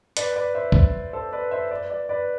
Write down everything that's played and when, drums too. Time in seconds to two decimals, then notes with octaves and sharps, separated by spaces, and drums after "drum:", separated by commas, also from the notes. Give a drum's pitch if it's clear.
0.17 B4 D5, drum: hi-hat
0.36 B4 D5
0.55 C5 E5
0.72 drum: kick
1.13 A4 C5
1.33 B4 D5
1.51 C5 E5
1.71 B4 D5
1.90 B4 D5
2.09 B4 D5